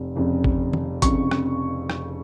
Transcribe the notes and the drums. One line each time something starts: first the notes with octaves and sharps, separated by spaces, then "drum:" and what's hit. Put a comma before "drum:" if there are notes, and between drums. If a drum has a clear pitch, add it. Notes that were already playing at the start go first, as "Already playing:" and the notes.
Already playing: F1 F2
F1 F2 C#3
drum: kick
drum: tom
F1 F2 C#3 C#6, drum: kick, hi-hat
drum: rim click
drum: rim click